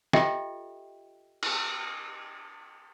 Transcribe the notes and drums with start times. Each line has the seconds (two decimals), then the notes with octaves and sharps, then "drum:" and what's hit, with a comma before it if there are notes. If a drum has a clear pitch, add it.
0.13 F4 G4 A4 D#5 E5 G5, drum: snare
1.43 drum: cymbal